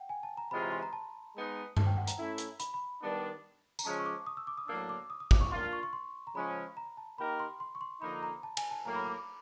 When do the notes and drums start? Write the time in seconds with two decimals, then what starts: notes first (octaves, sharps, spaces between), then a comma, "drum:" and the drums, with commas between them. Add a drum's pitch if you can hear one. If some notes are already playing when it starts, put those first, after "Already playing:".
Already playing: F#5 G5
0.09 G#5
0.23 A5
0.37 A#5
0.51 C3 E3 G#3 C#4 F4 B5
0.61 A#5
0.72 C6
0.83 A#5
0.93 A5
1.35 G#3 B3 D#4
1.77 A5, drum: tom G2
1.87 G5
1.97 F#5
2.07 A#5, drum: hi-hat
2.18 A3 C#4 E4
2.38 drum: hi-hat
2.60 B5, drum: hi-hat
2.74 B5
3.02 D#3 G3 B3 D4
3.79 A#5, drum: tambourine
3.85 C#3 F3 G#3 C#4 A5
4.00 C#6
4.06 D6
4.27 D#6
4.37 E6
4.47 D6
4.58 D#6
4.68 A2 F#3 A#3 D4 E6
4.89 D6
5.10 D#6
5.20 D#6
5.31 D6, drum: kick
5.41 C#6
5.51 A#3 D4 F4 C6
5.73 C#6
5.83 C#6
5.93 C6
6.27 A#5
6.35 C#3 F3 G#3 C#4 B5
6.77 A#5
6.97 A5
7.18 A#3 D#4 G4 A#4 B5
7.40 C6
7.60 C6
7.75 C#6
7.81 C6
8.01 D3 F3 A#3 D#4 B5
8.23 A#5
8.43 A5
8.57 G#5, drum: cymbal
8.71 A5
8.85 A2 F#3 A#3 A#5
8.95 B5
9.06 D6